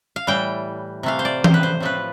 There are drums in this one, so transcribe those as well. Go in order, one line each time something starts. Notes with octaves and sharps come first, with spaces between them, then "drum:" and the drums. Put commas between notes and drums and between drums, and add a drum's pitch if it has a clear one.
F5
A2 E3 G3 G5
C3 E3 A3 F5
C5
D5
C5, drum: tom E3
B4
C5
A2 F3 A3 B4